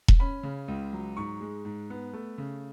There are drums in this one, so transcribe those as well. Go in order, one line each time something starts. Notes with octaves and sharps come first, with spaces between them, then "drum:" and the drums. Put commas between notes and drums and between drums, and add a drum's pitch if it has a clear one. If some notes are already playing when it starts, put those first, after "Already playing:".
drum: kick E1
C#4 B5
C#3
C#2
F#3
G#2 C#6
G#3
G#2
B3
A3
C#3